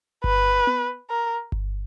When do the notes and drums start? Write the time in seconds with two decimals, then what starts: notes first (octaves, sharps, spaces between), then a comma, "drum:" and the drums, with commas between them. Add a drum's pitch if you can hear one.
0.24 B4, drum: kick G1
0.67 drum: tom B3
1.10 A#4
1.52 drum: kick G1